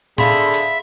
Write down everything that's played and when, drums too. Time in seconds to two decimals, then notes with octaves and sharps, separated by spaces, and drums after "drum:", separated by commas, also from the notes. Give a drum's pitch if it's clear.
0.18 D3 G#4 A4 E5 F5 B5 C6, drum: tom A2
0.54 drum: hi-hat